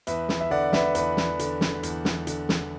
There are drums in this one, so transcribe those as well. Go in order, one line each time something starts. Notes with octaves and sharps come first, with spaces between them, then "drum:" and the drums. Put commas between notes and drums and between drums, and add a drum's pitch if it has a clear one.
E2 B4 E5, drum: hi-hat
drum: snare
E5
D3 D5 F#5
B4 E5, drum: snare
E2 B4, drum: hi-hat
drum: snare
D3, drum: hi-hat
drum: snare
E2, drum: hi-hat
drum: snare
D3, drum: hi-hat
drum: snare